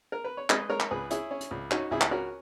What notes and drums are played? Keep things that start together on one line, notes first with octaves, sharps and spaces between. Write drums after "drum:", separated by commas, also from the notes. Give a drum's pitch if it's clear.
A#4
B4
C#5
G#3 B4 D#5, drum: clap
G#3 A#4 C#5
drum: clap
C#2 G#4 B4
C#4 E4 G#4, drum: hi-hat
C#4
drum: hi-hat
C#2
C#4 D#4 F#4, drum: clap
C#2 E4 G#4
drum: clap
C#4 F#4 A#4